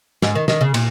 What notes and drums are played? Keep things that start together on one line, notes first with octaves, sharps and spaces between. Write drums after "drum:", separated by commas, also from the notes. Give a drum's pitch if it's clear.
G#2, drum: snare
D#3
D#3, drum: snare
C#3
A#2, drum: cymbal